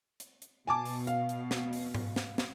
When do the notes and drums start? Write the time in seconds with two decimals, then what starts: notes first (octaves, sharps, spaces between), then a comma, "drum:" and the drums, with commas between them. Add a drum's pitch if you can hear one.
0.20 drum: hi-hat
0.42 drum: hi-hat
0.67 B2 G#5 A5 D6
0.85 drum: open hi-hat
1.07 F5, drum: hi-hat
1.29 drum: hi-hat
1.51 drum: snare
1.73 drum: open hi-hat
1.95 drum: tom G#2
2.16 drum: snare
2.38 drum: snare